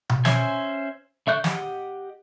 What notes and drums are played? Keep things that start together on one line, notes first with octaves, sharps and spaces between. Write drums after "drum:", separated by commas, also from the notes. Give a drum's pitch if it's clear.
drum: tom B2
C#4 C5 E5 G#5, drum: snare
D3 E5 C#6 F#6 G6
G4 D#5 F#5, drum: snare